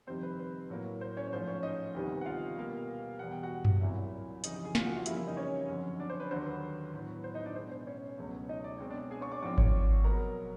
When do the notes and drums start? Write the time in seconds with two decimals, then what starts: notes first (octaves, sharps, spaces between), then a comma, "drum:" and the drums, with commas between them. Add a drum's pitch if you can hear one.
0.07 F2 C3 D#3 G3 C4 C5
0.23 B4
0.39 B4
0.70 A2 F#3 A#3
1.01 C5
1.17 C#4 C#5
1.28 C#5
1.32 G#2 F3 A3 C5
1.47 C#4 C#5
1.63 D#4 D#5
1.95 D2 C3 D#3 G3 B3
2.21 F#5
2.26 F4 F5
2.57 B2 G3 A#3
3.19 E2 B2 G3 F#5
3.31 G5
3.43 F#4 F#5
3.65 drum: tom F#2
3.81 C2 A#2 F#3 A#3 E4 E5
4.44 F2 C#3 E3 D#4 D#5, drum: hi-hat
4.54 G4 G5
4.65 G#4 G#5
4.75 F4 F5, drum: snare
4.86 F#4 F#5
4.96 F4 F5
5.06 F2 C#3 E3 G3 A#3 E4 E5, drum: hi-hat
5.16 E4 E5
5.27 D#4 D#5
5.37 C#4 C#5
5.68 F2 D3 F#3
6.00 D4 D5
6.10 C5
6.20 B4
6.31 D#2 D3 F#3 C5
6.46 B4
6.94 A2 F#3 B3
7.24 C5
7.34 D#4 D#5
7.46 D4 D5
7.56 B2 G#3 B3 C5
7.71 C5
7.87 C#4 C#5
8.18 C#2 B2 F#3 A3
8.49 D#4 D#5
8.64 D5
8.78 B2 G#3 C4 C#5
8.90 D4 D5
9.11 G#4 G#5
9.21 C#5 C#6
9.32 D5 D6
9.42 G#2 F3 G#3 C4 D5 D6
9.58 C#5 C#6, drum: kick G#1
10.04 B2 F#3 B3 A#4 A#5